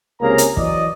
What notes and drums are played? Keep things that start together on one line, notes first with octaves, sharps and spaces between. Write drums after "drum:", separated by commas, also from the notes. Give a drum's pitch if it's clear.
C#2 C3 A#3 C#4 G#4 A#5
drum: hi-hat
E3 F#3 D5 D#5, drum: kick